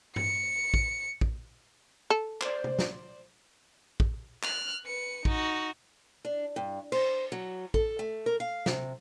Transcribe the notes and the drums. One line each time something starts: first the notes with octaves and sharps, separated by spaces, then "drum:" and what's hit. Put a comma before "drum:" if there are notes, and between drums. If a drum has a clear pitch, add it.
C#7, drum: tom G2
drum: kick
drum: kick
A4
C5 D5, drum: clap
drum: tom C3
drum: snare
drum: kick
F6 F#6, drum: clap
B4 C#7
D#4 F#4, drum: kick
D4
G2
C5, drum: cymbal
F#3
A4, drum: kick
A3
A#4
F5
C3, drum: snare